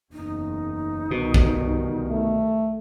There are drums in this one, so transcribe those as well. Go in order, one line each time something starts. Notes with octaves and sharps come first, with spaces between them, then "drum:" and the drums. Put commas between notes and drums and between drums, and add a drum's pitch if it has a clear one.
F#1 E2 D#4
C2 B2 D#3
drum: kick G#1
A3